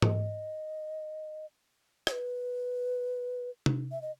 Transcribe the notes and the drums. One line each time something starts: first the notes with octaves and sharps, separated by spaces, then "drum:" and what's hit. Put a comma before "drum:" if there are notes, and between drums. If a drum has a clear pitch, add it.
D#5, drum: tom G#2
C#5, drum: rim click
B4
drum: tom C3
E5
D#5